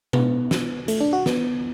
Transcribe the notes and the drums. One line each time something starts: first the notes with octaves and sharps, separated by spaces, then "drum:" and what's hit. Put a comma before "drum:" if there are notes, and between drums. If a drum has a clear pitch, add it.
B3, drum: tom B2
drum: snare
A3, drum: hi-hat
D4
F#4
B3, drum: snare